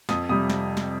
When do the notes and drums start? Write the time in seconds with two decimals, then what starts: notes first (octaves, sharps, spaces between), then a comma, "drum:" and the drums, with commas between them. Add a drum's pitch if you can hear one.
0.09 F2 D#6, drum: snare
0.29 C3 G3 D#6
0.50 drum: snare
0.77 drum: snare